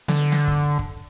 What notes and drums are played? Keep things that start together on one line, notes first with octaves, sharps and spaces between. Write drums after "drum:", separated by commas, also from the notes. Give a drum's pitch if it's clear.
D3, drum: snare
drum: snare
drum: kick
drum: kick